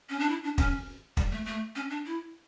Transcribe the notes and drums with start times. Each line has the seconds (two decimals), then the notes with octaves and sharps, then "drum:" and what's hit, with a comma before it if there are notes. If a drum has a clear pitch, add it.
0.10 C#4
0.19 D4
0.29 E4
0.44 D4
0.58 C#4, drum: kick
1.17 G3, drum: kick
1.31 A3
1.46 A3
1.76 C#4
1.90 D4
2.06 E4